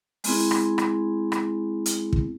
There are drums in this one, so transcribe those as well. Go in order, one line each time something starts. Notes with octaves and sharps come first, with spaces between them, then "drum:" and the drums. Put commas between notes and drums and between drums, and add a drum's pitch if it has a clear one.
G#3 B3 C4 E4 G#4, drum: open hi-hat
drum: rim click
drum: rim click
drum: rim click
drum: hi-hat
drum: kick